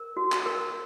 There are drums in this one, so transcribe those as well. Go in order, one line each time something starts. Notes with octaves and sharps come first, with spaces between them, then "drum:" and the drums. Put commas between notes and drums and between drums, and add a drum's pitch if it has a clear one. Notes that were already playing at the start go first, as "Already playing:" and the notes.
Already playing: A#4
F#4
drum: clap
A#4